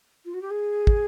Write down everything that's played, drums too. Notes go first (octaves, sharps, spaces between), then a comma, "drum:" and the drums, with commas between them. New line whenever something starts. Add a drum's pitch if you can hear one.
F4
F#4
G4
G#4
drum: kick